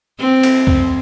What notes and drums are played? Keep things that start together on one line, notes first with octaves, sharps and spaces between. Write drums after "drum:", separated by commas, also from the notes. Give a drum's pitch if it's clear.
C4
drum: cymbal
drum: kick